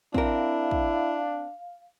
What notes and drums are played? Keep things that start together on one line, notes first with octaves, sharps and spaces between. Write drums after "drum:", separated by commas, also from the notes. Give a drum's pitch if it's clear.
C4 D4 E4 A#4 F5, drum: kick
drum: kick